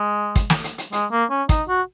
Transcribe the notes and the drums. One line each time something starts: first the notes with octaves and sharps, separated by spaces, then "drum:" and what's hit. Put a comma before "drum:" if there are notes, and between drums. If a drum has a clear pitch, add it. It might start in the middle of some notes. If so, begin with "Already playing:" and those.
Already playing: G#3
drum: kick, hi-hat
drum: snare
drum: hi-hat
drum: hi-hat
G#3, drum: hi-hat
A#3
C#4
D#4, drum: kick, hi-hat
F#4